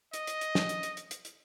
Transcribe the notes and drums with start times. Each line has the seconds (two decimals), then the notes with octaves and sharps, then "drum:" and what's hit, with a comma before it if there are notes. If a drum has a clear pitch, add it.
0.13 D#5, drum: hi-hat
0.27 drum: hi-hat
0.41 drum: hi-hat
0.55 drum: snare
0.69 drum: hi-hat
0.83 drum: hi-hat
0.97 drum: hi-hat
1.11 drum: hi-hat
1.25 drum: hi-hat